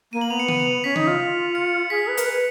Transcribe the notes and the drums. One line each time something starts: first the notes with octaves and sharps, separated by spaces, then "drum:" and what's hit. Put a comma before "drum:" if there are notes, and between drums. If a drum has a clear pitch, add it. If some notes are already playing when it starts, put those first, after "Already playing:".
A#3 D#7
F#7
B3 F7
C#7
D#7, drum: tom C#3
F7
C#4 B6
D#4, drum: tom C#3
F4
C#7
G#4 B6
B4
A#4, drum: hi-hat
B4